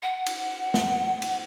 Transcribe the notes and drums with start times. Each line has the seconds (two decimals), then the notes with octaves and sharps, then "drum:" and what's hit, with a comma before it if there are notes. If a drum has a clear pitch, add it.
0.03 F#5
0.26 drum: cymbal
0.74 drum: snare
1.22 drum: cymbal